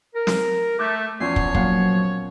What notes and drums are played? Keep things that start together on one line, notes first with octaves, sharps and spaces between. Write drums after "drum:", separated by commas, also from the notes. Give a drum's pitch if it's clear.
A#4
drum: snare
A3 D6 F#6 G6
E2 F3 B3 C#4 F4 C#5 C7
drum: kick
A#2 F#3 F5 F#5, drum: kick